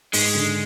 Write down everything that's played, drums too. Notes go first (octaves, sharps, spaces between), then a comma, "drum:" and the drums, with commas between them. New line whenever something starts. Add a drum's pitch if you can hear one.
G#2 G#3, drum: open hi-hat
D3